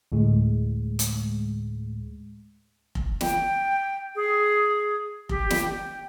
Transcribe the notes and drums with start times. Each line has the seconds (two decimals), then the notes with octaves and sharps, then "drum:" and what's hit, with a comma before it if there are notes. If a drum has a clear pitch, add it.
0.12 D2 A2 G#3
0.99 drum: hi-hat
2.95 drum: kick F1
3.21 G5, drum: snare
4.15 G#4
5.29 G4, drum: kick F1
5.50 drum: snare
5.62 G5